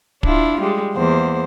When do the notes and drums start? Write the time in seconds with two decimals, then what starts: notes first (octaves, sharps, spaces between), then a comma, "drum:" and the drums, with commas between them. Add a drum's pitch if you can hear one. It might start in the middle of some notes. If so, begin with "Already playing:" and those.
0.23 D4 E4 F4, drum: kick
0.61 G3 G#3
0.94 E2 A#3 C5